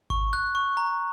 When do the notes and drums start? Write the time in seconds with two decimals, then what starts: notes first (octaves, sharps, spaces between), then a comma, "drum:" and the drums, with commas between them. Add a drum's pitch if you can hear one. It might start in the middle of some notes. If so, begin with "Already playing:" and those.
0.10 C#6, drum: kick G#1
0.33 F#6
0.55 C#6
0.77 A#5